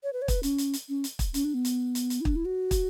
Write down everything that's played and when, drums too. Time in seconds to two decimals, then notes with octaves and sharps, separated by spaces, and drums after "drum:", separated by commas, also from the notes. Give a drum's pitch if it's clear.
0.03 C#5
0.13 B4
0.22 C#5
0.28 B4, drum: kick, hi-hat
0.43 C#4, drum: hi-hat
0.58 drum: hi-hat
0.73 drum: hi-hat
0.89 C#4
1.04 drum: hi-hat
1.19 drum: kick, hi-hat
1.34 C#4, drum: hi-hat
1.44 D4
1.54 B3
1.65 drum: hi-hat
1.95 drum: hi-hat
2.10 drum: hi-hat
2.21 E4
2.25 D4, drum: kick
2.36 E4
2.45 F#4
2.71 drum: kick, hi-hat